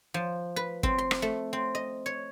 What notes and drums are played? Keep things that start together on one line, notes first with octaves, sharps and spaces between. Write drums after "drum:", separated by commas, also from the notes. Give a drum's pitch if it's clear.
F3
B4
C4, drum: kick
C6
drum: rim click
A3
C4
D#5
C#5